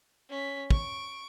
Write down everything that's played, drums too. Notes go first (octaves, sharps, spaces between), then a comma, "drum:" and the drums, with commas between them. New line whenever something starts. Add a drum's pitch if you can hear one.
C#4 B6
C#6 D7, drum: kick